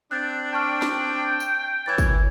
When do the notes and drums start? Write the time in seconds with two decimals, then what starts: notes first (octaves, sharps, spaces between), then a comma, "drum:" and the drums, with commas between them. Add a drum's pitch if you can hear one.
0.11 C4 D4 F#6 G6 A6
0.53 G5 A5 C#6 F6
0.82 drum: snare
1.40 drum: tambourine
1.86 E3 E4 C#5 G#6 A6
1.98 drum: kick, tambourine